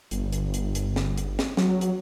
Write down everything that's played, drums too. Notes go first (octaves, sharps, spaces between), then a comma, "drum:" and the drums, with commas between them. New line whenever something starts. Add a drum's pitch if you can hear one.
G1, drum: hi-hat
drum: hi-hat
drum: hi-hat
drum: hi-hat
drum: snare
drum: hi-hat
drum: snare
F#3, drum: snare
drum: hi-hat